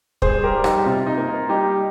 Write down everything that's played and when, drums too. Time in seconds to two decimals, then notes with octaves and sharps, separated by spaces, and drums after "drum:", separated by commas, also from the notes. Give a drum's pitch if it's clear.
0.22 G2 G#4 C5, drum: kick
0.43 G4 A#4
0.54 G3
0.64 D#4 G4, drum: rim click
0.86 C3 F4
1.06 D#4
1.17 A#3
1.28 F4
1.49 G3 D#4 G4